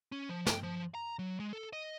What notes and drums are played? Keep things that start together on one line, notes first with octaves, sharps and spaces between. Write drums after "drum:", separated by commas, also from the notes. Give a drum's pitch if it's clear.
C#4
F3
G5, drum: snare
F3
A#5
F#3
G#3
A4
D#5